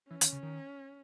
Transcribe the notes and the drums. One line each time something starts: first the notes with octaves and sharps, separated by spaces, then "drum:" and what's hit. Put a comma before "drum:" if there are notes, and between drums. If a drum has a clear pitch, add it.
E3 C#4
D#3, drum: hi-hat
C#3
D#3